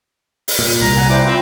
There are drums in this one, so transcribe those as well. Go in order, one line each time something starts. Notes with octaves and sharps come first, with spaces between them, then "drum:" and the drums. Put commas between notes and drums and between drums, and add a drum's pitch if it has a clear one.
drum: open hi-hat
A#2
C2 A#5
F#5 G#5
E4 C5 D5 G5
C4 F4 B5